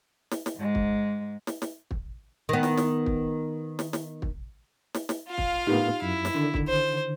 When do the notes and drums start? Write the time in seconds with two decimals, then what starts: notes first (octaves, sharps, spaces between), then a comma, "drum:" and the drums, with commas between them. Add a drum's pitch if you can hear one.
0.31 drum: snare
0.46 drum: snare
0.57 G#2 G#3
0.75 drum: kick
1.47 drum: snare
1.62 drum: snare
1.91 drum: kick
2.49 D#3 B3
2.63 drum: snare
2.77 drum: snare
3.06 drum: kick
3.79 drum: snare
3.93 drum: snare
4.22 drum: kick
4.94 drum: snare
5.09 drum: snare
5.28 F4 F5
5.38 drum: kick
5.67 A2 A#3 B3 D#4 G4
6.02 F#2 E4
6.25 drum: snare
6.34 D3 D#3 D4
6.54 drum: kick
6.68 C5